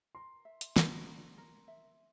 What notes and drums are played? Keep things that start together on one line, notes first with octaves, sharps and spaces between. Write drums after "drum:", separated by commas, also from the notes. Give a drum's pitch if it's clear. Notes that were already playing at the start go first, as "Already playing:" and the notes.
A#4 C6
E5
drum: hi-hat
A#4, drum: snare
A#4
A#4
E5